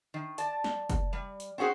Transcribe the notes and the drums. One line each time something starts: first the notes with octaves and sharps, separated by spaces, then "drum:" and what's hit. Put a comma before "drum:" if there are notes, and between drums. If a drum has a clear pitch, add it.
D#3
D5 A5, drum: hi-hat
drum: snare
drum: kick, hi-hat
G3
drum: hi-hat
C4 C#4 F#4 G#4 C5